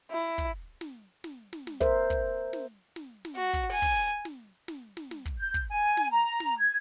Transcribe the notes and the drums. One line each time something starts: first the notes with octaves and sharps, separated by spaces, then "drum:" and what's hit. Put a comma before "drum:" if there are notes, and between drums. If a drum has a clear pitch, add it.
E4
drum: kick
drum: snare
drum: snare
drum: snare
drum: snare
A#4 C5 E5, drum: kick
drum: kick
drum: snare
drum: snare
drum: snare
F#4
drum: kick
G#5
drum: kick
drum: snare
drum: snare
drum: snare
drum: snare
drum: kick
G6
drum: kick
G#5
drum: snare
A#5
drum: snare
G#6